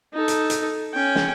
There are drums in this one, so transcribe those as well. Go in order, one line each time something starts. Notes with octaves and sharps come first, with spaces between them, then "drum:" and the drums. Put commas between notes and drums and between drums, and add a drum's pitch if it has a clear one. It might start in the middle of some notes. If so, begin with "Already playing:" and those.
D#4 A4
drum: hi-hat
drum: hi-hat
C#4 G5
drum: snare